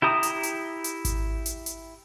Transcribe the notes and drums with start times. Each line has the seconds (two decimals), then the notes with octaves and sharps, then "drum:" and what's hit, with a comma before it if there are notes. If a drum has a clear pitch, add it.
0.02 E4 G4 A#5 D#6
0.23 drum: hi-hat
0.43 drum: hi-hat
0.84 drum: hi-hat
1.05 drum: kick G#1, hi-hat
1.46 drum: hi-hat
1.66 drum: hi-hat